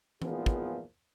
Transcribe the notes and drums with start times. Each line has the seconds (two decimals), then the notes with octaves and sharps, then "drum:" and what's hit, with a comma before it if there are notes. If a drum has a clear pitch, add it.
0.22 G#1 A#2 E3 F3 B3 G#4, drum: tom E3
0.46 drum: kick